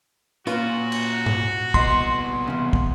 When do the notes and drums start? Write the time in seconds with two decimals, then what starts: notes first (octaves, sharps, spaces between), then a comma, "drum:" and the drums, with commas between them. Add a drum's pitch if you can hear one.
0.47 A#2 C#4 F4 F#4 B4, drum: hi-hat
0.92 drum: cymbal
1.26 drum: tom G#2
1.74 C2 B3 D#5 B5 C6, drum: kick
2.47 E2 C#3
2.73 drum: kick